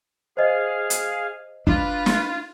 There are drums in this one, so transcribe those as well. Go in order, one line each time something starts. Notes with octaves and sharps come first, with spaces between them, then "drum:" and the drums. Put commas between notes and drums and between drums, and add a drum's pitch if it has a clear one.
G#4 C5 D#5 F5
drum: hi-hat
D4 F4 B4, drum: kick
drum: snare